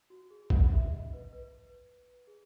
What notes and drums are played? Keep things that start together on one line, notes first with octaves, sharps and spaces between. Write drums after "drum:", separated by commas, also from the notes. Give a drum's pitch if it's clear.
F#4
G#4
F#5, drum: kick A#1
E5
D#5
B4
B4
G#4